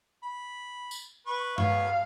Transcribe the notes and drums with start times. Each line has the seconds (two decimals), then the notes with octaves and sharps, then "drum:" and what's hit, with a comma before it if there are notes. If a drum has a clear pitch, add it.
0.23 B5
0.91 drum: tambourine
1.26 B4 C#6
1.58 B3 C#5 F5 C#6, drum: tom G2